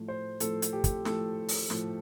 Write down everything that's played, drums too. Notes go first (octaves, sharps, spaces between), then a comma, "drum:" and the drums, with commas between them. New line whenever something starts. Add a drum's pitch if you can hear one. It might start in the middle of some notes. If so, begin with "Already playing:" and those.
Already playing: A2 F3 A3
C5
A2 F3 A3 A4, drum: hi-hat
drum: hi-hat
G4
drum: kick, hi-hat
A2 F3 A3 A4, drum: snare
drum: open hi-hat
A2 F3 A3, drum: snare